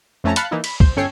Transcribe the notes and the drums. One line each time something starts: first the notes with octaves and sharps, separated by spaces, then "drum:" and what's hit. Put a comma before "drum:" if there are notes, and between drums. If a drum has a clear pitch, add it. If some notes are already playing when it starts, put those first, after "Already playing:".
F2 A3 C#4 A5 A#5
F5 A5 B5 F#6 A6 C#7, drum: hi-hat
E3 A#3 D#4 E4
B5, drum: cymbal
C5, drum: kick
G1 C#4 A4 C#5 G5 C7